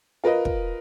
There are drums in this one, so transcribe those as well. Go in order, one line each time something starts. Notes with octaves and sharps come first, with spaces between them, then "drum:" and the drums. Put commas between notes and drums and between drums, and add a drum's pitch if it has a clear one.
F4 A#4 B4 D#5
drum: kick